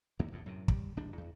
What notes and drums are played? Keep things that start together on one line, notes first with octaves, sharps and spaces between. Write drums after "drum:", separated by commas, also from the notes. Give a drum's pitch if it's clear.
D#2 D3 A#3
D#1 E2 A2
F#2 A2 C3
G3, drum: kick
D1 D#2 G3 D4
E2